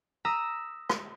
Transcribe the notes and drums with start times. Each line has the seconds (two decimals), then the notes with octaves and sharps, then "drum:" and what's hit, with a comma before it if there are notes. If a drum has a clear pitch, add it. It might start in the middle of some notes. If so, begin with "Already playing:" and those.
0.25 A#5 D#6 E6 A#6 B6
0.90 drum: rim click